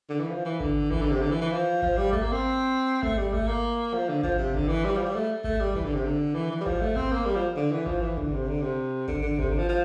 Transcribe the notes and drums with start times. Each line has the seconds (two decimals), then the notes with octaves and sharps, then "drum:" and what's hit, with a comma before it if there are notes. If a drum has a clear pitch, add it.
0.10 D3
0.20 E3
0.30 F3
0.45 E3
0.60 D3, drum: kick G#1
0.91 E3, drum: kick G#1
1.02 D3
1.11 C3
1.21 D3
1.31 E3
1.41 E3
1.52 F3
1.82 F3, drum: kick G#1
1.97 G3
2.12 A3, drum: kick G#1
2.22 A#3
2.32 C4
3.03 A3, drum: kick G#1
3.18 G3
3.33 A3, drum: kick G#1
3.48 A#3
3.94 F3
4.09 D3
4.23 F3, drum: kick G#1
4.38 C3
4.54 D3, drum: kick G#1
4.69 E3
4.85 G3
4.97 F3
5.05 G3
5.15 A3
5.44 A3, drum: kick G#1
5.60 G3
5.76 E3, drum: kick G#1
5.85 D3
5.95 C3
6.05 D3
6.35 E3
6.51 E3
6.61 G3
6.66 F3, drum: kick G#1
6.81 A3
6.96 C4, drum: kick G#1
7.12 A#3
7.26 G3
7.36 F3
7.56 D3
7.72 E3
7.86 F3, drum: kick G#1
8.01 E3
8.18 D3, drum: kick G#1
8.33 C3
8.48 D3
8.62 C3
9.08 D3, drum: kick G#1
9.22 D3
9.39 C3, drum: kick G#1
9.49 D3
9.58 F3
9.69 F3